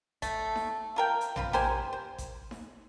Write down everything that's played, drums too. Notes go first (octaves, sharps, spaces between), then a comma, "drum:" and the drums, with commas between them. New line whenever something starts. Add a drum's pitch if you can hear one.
A3, drum: kick G#1, hi-hat
drum: snare D#4
F4 A#4 G5
drum: hi-hat
C4 F4 B5, drum: tom
G4 A#4 C5 G#5, drum: snare D#4
C5
drum: kick G#1, hi-hat
drum: snare D#4